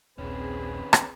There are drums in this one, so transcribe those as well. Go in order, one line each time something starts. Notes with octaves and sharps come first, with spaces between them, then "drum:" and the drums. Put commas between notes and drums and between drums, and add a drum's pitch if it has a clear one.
D#1 A#1 D#3 C4 C#4 G#4 B4
drum: rim click